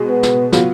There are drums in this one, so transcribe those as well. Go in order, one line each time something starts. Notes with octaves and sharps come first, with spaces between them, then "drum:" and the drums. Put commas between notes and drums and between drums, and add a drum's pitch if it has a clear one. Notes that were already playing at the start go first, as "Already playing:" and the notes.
Already playing: B2 G#3 G#4
B3
drum: snare
F#3 B3 F4, drum: snare